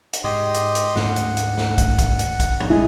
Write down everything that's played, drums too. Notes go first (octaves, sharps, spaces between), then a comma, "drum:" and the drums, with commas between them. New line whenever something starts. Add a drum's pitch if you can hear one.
drum: hi-hat
G#2 G4 D#5 C6
drum: hi-hat
drum: hi-hat
D2 G#2 C#4 F#5, drum: snare
drum: hi-hat
drum: hi-hat
drum: snare
drum: kick, hi-hat
drum: kick, hi-hat
drum: hi-hat
drum: kick, hi-hat
drum: tom G#2
A1 G#3 E4 G#4 D#5